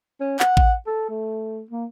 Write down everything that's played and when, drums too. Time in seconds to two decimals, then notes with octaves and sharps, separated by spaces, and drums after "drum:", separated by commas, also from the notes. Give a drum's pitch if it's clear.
0.20 C#4
0.39 F#5, drum: clap
0.57 drum: kick A1
0.87 A4
1.10 A3
1.71 A#3